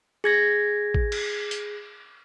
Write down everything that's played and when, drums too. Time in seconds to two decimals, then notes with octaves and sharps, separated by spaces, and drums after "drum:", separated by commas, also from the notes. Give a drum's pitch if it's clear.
0.24 G#4 G#6 A#6
0.94 drum: kick A1
1.12 drum: cymbal
1.51 drum: hi-hat